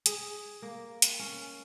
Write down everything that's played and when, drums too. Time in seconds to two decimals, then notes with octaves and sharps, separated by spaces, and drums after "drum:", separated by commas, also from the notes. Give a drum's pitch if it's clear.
0.06 G#4, drum: hi-hat
0.62 A#3
1.02 drum: hi-hat
1.19 C#4